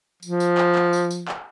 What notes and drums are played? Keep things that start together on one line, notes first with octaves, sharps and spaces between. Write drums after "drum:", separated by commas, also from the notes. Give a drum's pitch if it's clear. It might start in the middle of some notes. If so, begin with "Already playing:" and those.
F3, drum: tambourine
drum: tambourine
drum: clap
drum: clap
drum: tambourine
drum: tambourine
drum: clap